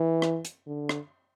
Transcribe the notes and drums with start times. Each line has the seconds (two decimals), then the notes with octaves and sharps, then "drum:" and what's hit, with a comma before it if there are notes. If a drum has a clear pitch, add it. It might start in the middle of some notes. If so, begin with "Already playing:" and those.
Already playing: E3
0.22 drum: rim click
0.45 drum: hi-hat
0.67 D3
0.89 drum: rim click